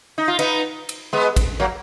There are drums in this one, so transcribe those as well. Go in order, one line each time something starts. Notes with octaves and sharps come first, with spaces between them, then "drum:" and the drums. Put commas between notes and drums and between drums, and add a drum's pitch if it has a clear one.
D#4
F4
B3 D#4, drum: cymbal
drum: cymbal
G#3 B3
drum: kick, cymbal
F#3 A#3